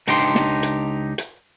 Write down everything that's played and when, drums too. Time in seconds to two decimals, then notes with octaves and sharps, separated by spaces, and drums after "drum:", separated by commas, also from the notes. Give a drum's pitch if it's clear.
0.07 C#2 D4 D#4 G4 G5 C6, drum: hi-hat
0.35 drum: snare
0.63 drum: hi-hat
1.18 drum: hi-hat